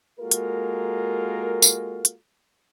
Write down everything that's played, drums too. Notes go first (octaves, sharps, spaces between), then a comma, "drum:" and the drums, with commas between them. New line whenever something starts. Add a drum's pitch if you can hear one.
G#3 A#3 F4 F#4 A4 A#4
drum: hi-hat
drum: tambourine
drum: hi-hat